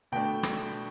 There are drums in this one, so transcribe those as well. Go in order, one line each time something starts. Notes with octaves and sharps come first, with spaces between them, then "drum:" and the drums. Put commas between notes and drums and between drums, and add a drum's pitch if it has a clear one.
B2 A3 D4 G5
drum: rim click